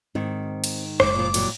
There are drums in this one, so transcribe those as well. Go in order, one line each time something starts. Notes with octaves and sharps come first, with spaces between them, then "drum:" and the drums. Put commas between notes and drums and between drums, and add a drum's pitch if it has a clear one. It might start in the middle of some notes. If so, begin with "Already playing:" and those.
G#2 D#3 C4
drum: cymbal
F#1 G#3 D6, drum: rim click
A#2 F3
A#2 F#3 G3, drum: cymbal